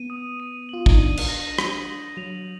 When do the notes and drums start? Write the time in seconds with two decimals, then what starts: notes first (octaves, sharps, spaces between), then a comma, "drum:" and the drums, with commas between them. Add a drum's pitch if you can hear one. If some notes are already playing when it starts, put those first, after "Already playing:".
Already playing: B3 D#7
0.10 D#6
0.40 D#7
0.69 F4 F#7
0.86 D#4, drum: kick
0.98 D4 D#7
1.17 drum: cymbal
1.28 A#6
1.58 F#7, drum: rim click
1.88 A#6
2.17 F#3 F7